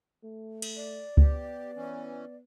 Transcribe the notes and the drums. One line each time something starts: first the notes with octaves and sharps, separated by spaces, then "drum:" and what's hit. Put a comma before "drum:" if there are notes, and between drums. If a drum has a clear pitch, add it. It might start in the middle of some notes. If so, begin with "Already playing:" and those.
A3
drum: cymbal
D5
B3 G4, drum: kick C#2
E3 C#4